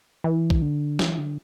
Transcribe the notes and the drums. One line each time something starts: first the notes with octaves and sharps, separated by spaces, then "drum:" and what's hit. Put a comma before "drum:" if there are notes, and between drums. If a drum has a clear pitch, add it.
E3
drum: kick
D3
E3, drum: snare
D3